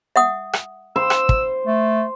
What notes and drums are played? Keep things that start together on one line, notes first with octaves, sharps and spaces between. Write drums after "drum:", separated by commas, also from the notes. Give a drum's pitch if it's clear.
E5 F#5 D#6
drum: rim click
C5 E6
drum: rim click
drum: kick
A3